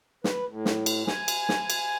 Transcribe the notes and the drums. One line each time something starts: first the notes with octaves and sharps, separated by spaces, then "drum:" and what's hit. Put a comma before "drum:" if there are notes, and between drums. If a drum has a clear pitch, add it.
B4, drum: snare
A2
drum: snare
drum: cymbal
G#5, drum: snare
drum: cymbal
drum: snare
drum: cymbal